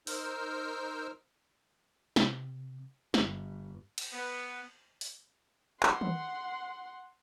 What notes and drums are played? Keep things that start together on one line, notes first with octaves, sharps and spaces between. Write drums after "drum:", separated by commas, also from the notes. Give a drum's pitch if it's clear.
D#4 A#4 C5 E6 F6 G6, drum: open hi-hat
C3, drum: snare
G1, drum: snare
drum: cymbal
B3
drum: open hi-hat
F#5 C6, drum: clap
drum: tom D#3